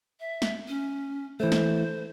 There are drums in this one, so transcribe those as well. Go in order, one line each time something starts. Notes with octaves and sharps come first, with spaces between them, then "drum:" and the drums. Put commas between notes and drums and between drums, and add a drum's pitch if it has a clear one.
E5
drum: snare
C#4
E3 A3 C5
drum: snare